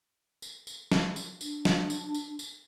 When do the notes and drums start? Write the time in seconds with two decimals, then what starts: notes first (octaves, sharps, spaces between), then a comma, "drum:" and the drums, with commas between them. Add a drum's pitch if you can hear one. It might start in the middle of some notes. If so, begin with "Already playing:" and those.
0.42 drum: tambourine
0.67 drum: tambourine
0.92 drum: snare
1.16 drum: tambourine
1.41 D4, drum: tambourine
1.65 drum: snare
1.90 drum: tambourine
2.15 drum: tambourine
2.39 drum: tambourine